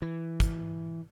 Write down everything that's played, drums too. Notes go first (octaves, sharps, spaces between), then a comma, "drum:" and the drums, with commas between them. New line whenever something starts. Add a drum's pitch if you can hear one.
E3
drum: kick, hi-hat